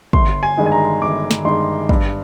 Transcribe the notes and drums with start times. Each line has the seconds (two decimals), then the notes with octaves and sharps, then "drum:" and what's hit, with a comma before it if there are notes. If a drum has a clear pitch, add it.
0.13 G1 C6, drum: kick
0.43 G#5
0.57 G2 D#3 G#3
0.66 G#5
0.72 A#5
1.01 G1 D6
1.31 drum: snare
1.45 G2 D#3 G#3 C6
1.89 G2, drum: kick